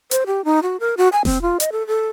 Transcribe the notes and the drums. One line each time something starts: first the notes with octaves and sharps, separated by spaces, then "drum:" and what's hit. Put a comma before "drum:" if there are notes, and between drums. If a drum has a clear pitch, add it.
C5, drum: hi-hat
G4
D#4
F#4
A#4
F#4
G#5
C4, drum: snare E1
F4
D#5, drum: hi-hat
A4
A4